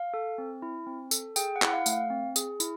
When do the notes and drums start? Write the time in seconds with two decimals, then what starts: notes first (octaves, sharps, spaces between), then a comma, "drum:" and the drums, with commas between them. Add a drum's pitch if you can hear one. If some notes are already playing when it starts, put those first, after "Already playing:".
Already playing: F5
0.14 A4
0.38 C4
0.62 E4
0.87 C4
1.11 A4, drum: tambourine
1.36 G#4 G5, drum: tambourine
1.56 F#5
1.62 E4, drum: clap
1.68 F#5
1.73 F5
1.86 A3, drum: tambourine
1.93 F5
2.10 C4
2.36 G#4, drum: tambourine
2.60 E4, drum: tambourine